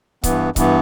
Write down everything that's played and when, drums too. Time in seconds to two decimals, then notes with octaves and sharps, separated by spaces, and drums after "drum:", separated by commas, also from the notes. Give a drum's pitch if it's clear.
0.24 G2 E3 B3, drum: kick C#1, hi-hat
0.56 G2 E3 B3, drum: kick C#1, hi-hat